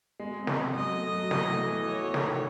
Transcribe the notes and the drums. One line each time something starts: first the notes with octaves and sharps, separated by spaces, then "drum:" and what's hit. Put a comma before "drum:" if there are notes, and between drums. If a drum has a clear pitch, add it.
G#3
C4
drum: snare
G#3
F#3 D#5
A3
F#3
E3, drum: snare
A3
E3
F#4 C#5
A3
drum: snare
D#3